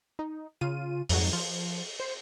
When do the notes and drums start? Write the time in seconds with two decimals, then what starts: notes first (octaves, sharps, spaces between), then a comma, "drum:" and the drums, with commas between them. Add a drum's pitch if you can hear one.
0.19 D#4
0.61 C#3 F4 D#7
1.09 F2 G#2 F#3, drum: open hi-hat
1.33 F3
2.00 C5